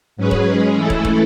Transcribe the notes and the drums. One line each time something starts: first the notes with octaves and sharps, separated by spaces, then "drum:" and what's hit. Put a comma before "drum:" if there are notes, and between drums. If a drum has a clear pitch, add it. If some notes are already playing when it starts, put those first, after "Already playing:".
G#2 F#3 C#4 G#4 B4
drum: kick
G#3 C#4 G#4
E3 A3 E4 A4
drum: kick
drum: kick